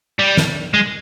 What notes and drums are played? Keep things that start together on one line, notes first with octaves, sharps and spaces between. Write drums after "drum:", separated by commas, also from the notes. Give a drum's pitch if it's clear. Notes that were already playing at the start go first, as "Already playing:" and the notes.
G3
drum: snare
G#3